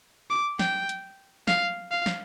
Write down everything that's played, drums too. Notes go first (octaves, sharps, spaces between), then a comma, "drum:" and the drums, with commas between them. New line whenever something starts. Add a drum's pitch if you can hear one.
D6
G5, drum: snare
drum: hi-hat
F5, drum: snare
F5
drum: snare